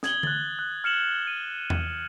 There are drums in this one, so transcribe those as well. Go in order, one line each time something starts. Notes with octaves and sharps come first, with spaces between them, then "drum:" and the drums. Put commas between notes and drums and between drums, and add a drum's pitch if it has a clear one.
D#6 G#6 F#7 G7, drum: snare
F#6 A6, drum: tom D3
F#6
F6 C#7 E7 F#7
D#7
drum: tom E2